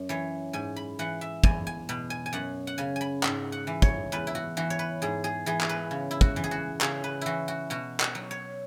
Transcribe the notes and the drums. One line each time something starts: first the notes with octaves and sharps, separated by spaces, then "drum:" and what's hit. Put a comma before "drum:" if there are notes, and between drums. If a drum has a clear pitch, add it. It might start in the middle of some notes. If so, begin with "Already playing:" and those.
Already playing: F#2
E3 C#5
G#2 G#5
B5
E3 F#5
E5
E2 G#5, drum: kick
G#5
B2 B5
G#5
G#5
F#2 F#5
F#5
C#3 G#5
G#5 B5
G#2, drum: clap
F#5
E3
C#5, drum: kick
E2 B4
E4
F#4
E3 F#4
C#5
B4
G#2 G#4
G#4
E3 G#4
G#4, drum: clap
B4
C#3
E4
F#4, drum: kick
E3
G#4
F#4
C#3 G#4, drum: clap
B4
E3 E4 F#4
F#4
B2 F#4
F#4, drum: clap
F#3
C#5